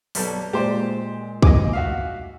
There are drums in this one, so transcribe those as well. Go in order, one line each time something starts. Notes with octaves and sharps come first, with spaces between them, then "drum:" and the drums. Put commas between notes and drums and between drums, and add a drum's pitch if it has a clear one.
B1 G3 A4, drum: open hi-hat
A#2 G#3 G4 C5 D5
D#5 G#5 D6, drum: kick
F#4 E5 F5